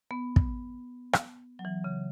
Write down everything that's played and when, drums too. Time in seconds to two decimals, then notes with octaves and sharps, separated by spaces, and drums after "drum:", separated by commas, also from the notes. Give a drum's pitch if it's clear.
0.11 B3
0.36 drum: kick
1.13 drum: rim click
1.59 F#3
1.65 E3
1.84 C#3